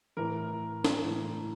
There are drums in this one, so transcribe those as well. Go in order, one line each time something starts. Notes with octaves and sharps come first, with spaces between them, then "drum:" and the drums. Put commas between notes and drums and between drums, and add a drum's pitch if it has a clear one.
A2 E3 A#4
drum: snare
A2 E3